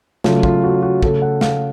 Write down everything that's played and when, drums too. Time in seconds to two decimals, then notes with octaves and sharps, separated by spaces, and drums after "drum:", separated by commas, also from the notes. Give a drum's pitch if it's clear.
0.24 C#3 F#3 A3 F4, drum: snare
0.43 F4, drum: kick
0.64 F#4
0.82 F#4
1.03 C#3 A3 A4, drum: kick
1.22 F#5
1.41 F5, drum: snare